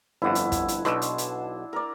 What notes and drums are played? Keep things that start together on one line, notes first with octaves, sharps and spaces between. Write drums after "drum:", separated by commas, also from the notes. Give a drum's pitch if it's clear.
G1 F2 E4 F#5
drum: hi-hat
drum: kick, hi-hat
drum: hi-hat
B1 B2 D4 E5 C6, drum: rim click
drum: hi-hat
drum: hi-hat
A#4 D5